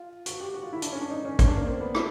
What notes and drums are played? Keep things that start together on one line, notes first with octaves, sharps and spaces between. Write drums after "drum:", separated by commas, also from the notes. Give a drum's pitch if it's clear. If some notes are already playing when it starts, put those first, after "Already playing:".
Already playing: F4
F#4, drum: hi-hat
G4
F#4
F4
E4
D4, drum: hi-hat
C#4
D4
D#4
C#4
C#4, drum: kick, hi-hat
D4
A#3
C4
B3
E4, drum: rim click